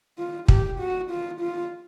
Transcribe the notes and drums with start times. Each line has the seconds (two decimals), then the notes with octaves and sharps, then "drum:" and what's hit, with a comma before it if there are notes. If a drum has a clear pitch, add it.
0.18 F4
0.48 G4, drum: kick
0.80 F#4
1.10 F4
1.40 F4